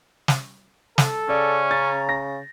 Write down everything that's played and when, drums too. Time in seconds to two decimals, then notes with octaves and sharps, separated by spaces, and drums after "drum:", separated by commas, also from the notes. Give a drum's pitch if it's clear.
0.28 drum: snare
0.98 A4, drum: snare
1.29 C#3 C#4 D5
1.71 A#5 A6
2.09 A#6